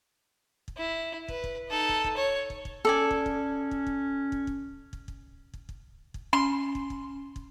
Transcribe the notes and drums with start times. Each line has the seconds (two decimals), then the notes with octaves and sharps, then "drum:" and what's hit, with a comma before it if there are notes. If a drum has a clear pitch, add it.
0.68 drum: kick
0.77 E4
1.28 B4, drum: kick
1.44 drum: kick
1.70 D#4 A4
1.89 drum: kick
2.04 drum: kick
2.17 C#5
2.50 drum: kick
2.65 drum: kick
2.85 C#4 A4 D5 G#5
3.11 drum: kick
3.26 drum: kick
3.71 drum: kick
3.87 drum: kick
4.32 drum: kick
4.47 drum: kick
4.93 drum: kick
5.08 drum: kick
5.54 drum: kick
5.69 drum: kick
6.14 drum: kick
6.33 C#4 C6
6.75 drum: kick
6.90 drum: kick
7.36 drum: kick